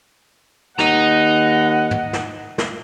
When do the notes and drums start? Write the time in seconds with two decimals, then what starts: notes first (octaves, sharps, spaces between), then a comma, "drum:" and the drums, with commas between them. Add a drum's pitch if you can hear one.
0.78 D#2 D#5 F#5 A#5, drum: snare
1.91 drum: tom
2.13 drum: snare
2.58 drum: snare